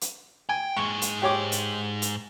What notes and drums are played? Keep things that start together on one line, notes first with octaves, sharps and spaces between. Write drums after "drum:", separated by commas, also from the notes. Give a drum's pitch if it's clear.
drum: hi-hat
G5 G#5
G#2 G#4 C#6
drum: hi-hat
G4 C#5 D6
drum: hi-hat
drum: hi-hat